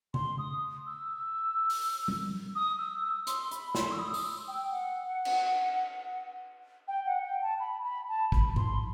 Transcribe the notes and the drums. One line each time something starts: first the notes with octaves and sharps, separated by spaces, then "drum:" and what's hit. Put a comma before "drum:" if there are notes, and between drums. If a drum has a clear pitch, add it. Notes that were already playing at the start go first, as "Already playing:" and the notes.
C6, drum: tom C#3
D#6
E6
drum: open hi-hat
drum: tom
D#6
E6
E6
C6, drum: hi-hat
B5, drum: hi-hat
C6, drum: snare
E6
D#6
drum: open hi-hat
E6
G5
F#5
drum: cymbal
G5
F#5
G5
A5
B5
B5
A5
B5, drum: kick
C6, drum: tom G#2